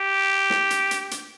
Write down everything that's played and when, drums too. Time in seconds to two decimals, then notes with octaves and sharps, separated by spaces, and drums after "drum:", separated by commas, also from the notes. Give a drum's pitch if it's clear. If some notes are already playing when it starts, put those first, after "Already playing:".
Already playing: G4
0.50 drum: snare
0.71 drum: hi-hat
0.91 drum: hi-hat
1.11 drum: hi-hat